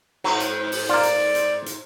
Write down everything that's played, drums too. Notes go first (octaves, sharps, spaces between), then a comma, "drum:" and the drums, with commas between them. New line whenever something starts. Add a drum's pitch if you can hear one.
G#2 F#3 C4 B4
drum: hi-hat
drum: open hi-hat
A#3 F4 D5
drum: hi-hat
drum: hi-hat
drum: hi-hat